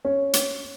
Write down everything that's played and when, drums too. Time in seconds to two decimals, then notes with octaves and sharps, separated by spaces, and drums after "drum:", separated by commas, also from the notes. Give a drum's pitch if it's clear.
0.05 C#4
0.33 drum: hi-hat